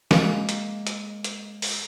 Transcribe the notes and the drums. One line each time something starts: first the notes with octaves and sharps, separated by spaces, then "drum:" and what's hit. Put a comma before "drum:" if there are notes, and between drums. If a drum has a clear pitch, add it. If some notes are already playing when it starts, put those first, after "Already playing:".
G#3 A#3, drum: snare
drum: hi-hat
drum: hi-hat
drum: hi-hat
drum: open hi-hat